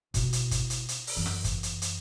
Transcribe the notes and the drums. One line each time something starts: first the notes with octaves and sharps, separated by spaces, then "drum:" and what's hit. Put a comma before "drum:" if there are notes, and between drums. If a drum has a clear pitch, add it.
B2 E4, drum: kick, hi-hat
drum: hi-hat
drum: kick, hi-hat
drum: hi-hat
drum: hi-hat
drum: open hi-hat
F#2 E3
drum: rim click
drum: kick, hi-hat
drum: hi-hat
drum: hi-hat